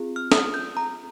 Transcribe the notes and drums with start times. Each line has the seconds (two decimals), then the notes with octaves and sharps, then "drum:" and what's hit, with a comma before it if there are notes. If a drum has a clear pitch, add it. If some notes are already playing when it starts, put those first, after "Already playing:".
Already playing: C4 F4 G#4
0.16 F6
0.32 D#6, drum: snare
0.54 G6
0.77 A#5